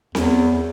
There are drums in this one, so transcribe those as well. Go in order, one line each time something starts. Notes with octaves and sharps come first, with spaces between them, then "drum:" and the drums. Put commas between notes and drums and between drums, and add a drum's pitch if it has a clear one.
E2, drum: snare C4